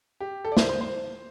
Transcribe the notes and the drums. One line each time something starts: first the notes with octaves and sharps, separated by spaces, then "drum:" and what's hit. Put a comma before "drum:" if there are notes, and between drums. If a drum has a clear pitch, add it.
G4
A4
D5
C5, drum: snare
C5
C5